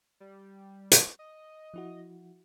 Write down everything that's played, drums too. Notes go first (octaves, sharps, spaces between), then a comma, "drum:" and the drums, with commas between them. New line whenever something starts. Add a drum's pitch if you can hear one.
G3
drum: hi-hat
D#5
F3 E4 F#4